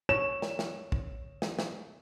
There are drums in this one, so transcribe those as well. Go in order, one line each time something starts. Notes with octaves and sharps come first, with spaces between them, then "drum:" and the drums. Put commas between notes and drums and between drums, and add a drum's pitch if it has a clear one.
C#5 E7
drum: snare
drum: snare
drum: kick
drum: snare
drum: snare